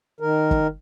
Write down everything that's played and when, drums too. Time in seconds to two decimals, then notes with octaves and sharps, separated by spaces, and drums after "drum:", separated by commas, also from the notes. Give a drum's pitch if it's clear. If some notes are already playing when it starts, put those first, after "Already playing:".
0.20 D#3 A#4
0.51 drum: kick